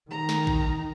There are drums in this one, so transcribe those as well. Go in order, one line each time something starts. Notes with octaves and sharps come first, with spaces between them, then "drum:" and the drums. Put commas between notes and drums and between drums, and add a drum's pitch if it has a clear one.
D#3 A#5
drum: snare
drum: kick